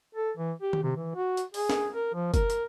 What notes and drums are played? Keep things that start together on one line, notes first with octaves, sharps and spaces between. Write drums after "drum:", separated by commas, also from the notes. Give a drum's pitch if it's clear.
A4
E3
G4
drum: tom D#3
C3
E3
F#4
drum: hi-hat
G#4, drum: open hi-hat
drum: snare
A#4
F3
A#4, drum: kick, hi-hat
drum: hi-hat